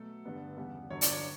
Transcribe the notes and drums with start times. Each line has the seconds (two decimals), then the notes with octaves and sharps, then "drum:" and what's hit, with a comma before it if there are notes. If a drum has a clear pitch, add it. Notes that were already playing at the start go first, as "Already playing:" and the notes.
Already playing: B2 F#3 A3 A4
0.25 G2 D3 G3 B3
0.57 E2 C#3 G3 B3
0.90 G2 D3 F#3 C#5
1.01 D5, drum: hi-hat
1.12 C#5